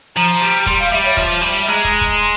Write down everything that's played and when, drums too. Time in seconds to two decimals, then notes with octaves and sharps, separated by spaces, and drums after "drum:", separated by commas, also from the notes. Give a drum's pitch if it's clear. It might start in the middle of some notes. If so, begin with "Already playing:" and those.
0.15 F3 A#5
0.41 G3
0.66 G3 C6, drum: kick
0.79 F5
0.91 G3 E5
1.05 C#5
1.17 F3 E5, drum: kick
1.42 G3
1.68 G#3 A#5
1.85 drum: kick
2.01 drum: kick
2.18 C6